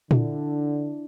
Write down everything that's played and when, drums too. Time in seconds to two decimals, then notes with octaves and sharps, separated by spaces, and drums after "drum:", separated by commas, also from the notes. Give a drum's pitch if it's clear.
0.11 D3 D4 E4, drum: tom A#2